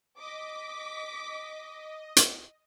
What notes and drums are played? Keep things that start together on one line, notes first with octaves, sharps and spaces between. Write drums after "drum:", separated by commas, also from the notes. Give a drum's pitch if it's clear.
D#5 D6 B6
drum: hi-hat